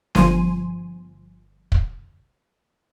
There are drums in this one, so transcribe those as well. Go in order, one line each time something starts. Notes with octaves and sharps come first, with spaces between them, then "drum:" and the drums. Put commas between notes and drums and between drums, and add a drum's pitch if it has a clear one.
G1 G2 F3 G#5 C6 D#7, drum: snare
drum: kick